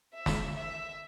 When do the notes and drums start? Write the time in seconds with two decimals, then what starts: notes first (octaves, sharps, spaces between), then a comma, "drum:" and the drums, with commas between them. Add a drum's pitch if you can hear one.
0.14 E5
0.26 drum: snare
0.55 E5